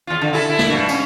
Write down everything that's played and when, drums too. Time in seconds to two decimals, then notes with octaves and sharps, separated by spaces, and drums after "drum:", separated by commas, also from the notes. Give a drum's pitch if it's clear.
0.07 E2 F4
0.21 D3
0.33 E4 G#4 A4
0.50 E4
0.59 drum: snare
0.70 G2 B2
0.89 C#4, drum: tambourine